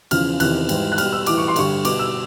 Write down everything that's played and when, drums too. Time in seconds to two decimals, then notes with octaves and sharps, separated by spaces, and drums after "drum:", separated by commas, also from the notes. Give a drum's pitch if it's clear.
0.11 E2 C#3 F3 F6, drum: cymbal
0.40 E2 C3 D#3 F#6, drum: cymbal
0.69 G#2 E3 G3, drum: cymbal
0.92 F#6
0.98 B2 G3 F6, drum: cymbal
1.13 E6
1.26 A2 E3 G3 D6, drum: cymbal
1.37 C#6
1.48 C6
1.56 G2 D3 G3 C#6, drum: cymbal
1.85 B2 G3 D6, drum: cymbal
1.99 E6